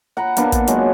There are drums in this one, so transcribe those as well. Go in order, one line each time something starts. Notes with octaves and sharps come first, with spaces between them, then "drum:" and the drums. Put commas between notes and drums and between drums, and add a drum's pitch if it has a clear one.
F#5 A#5 B5
A#3 B3 D4, drum: hi-hat
drum: kick, hi-hat
F#3 G#3, drum: hi-hat